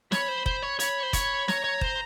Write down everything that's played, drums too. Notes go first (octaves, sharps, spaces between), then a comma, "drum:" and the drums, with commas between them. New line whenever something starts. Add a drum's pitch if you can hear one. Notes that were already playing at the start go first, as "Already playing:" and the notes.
C#5 B5, drum: snare
C5
C5, drum: kick
C#5
C#5 B5, drum: hi-hat
C5
C#5, drum: kick, hi-hat
C#5 A#5, drum: snare
C#5
C5, drum: kick